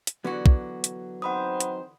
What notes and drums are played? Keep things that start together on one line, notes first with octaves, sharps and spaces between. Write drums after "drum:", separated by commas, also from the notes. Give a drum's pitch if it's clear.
drum: hi-hat
D3 E3 F#3 B3 F#4
drum: kick
drum: hi-hat
C4 D#4 C5 F#5 B5 D#6
drum: hi-hat